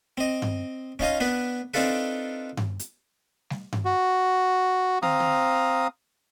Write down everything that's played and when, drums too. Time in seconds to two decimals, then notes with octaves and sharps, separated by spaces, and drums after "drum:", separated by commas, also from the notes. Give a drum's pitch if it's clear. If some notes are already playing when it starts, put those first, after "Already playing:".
0.17 C4 D#5
0.42 drum: tom G2
0.99 C#4 D#4 F4 D#5, drum: kick
1.20 B3 D4 B4
1.74 C4 D4 D#4 F4 A4 B4
2.57 drum: tom G2
2.79 drum: hi-hat
3.50 drum: snare
3.73 drum: tom G2
3.85 F#4
5.03 C4 F5 A#5 D#6, drum: tom
5.20 drum: tom